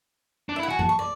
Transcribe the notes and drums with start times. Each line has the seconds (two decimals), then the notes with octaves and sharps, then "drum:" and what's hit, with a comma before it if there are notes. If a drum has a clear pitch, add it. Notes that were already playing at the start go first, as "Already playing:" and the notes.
0.49 D4
0.56 E5
0.59 E4
0.63 F#5
0.69 F#4 G#5
0.79 A5, drum: tom G#2
0.89 C#6
0.99 D5